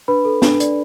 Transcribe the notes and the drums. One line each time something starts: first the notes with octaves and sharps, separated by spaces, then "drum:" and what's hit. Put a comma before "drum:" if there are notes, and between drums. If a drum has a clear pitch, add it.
D4 B4 B5
A4
D4, drum: snare
D5, drum: hi-hat